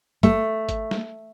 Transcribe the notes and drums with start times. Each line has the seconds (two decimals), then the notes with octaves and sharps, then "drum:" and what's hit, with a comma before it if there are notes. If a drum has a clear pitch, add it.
0.23 A3, drum: kick G#1, hi-hat
0.69 drum: kick G#1, hi-hat
0.91 drum: snare